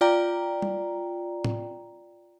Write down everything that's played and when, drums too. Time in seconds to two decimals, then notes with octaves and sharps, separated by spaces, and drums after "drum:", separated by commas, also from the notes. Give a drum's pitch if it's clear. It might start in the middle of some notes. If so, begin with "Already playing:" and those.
0.01 F4 D5 G5 A#5
0.62 drum: tom G3
1.44 drum: tom A2